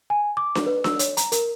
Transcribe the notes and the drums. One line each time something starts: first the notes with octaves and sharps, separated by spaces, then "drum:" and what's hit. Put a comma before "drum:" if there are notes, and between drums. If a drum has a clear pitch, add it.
G#5
D6
drum: snare D4
B4
E6, drum: snare D4
C#5, drum: hi-hat
A#5, drum: hi-hat
A#4, drum: hi-hat